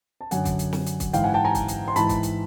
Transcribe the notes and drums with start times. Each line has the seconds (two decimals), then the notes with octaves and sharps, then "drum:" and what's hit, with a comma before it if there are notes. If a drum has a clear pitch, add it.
0.21 A5
0.31 F#2 D3 F#5 G#5, drum: hi-hat
0.45 drum: kick, hi-hat
0.59 drum: hi-hat
0.73 drum: snare
0.86 drum: hi-hat
1.00 drum: kick, hi-hat
1.13 G#2 E3 F5 G5, drum: hi-hat
1.23 F#5 G#5
1.34 G5 A5
1.45 G#5 A#5
1.55 drum: kick, hi-hat
1.68 drum: hi-hat
1.88 C6
1.96 G#2 E3 A5 B5, drum: hi-hat
2.09 drum: kick, hi-hat
2.23 drum: hi-hat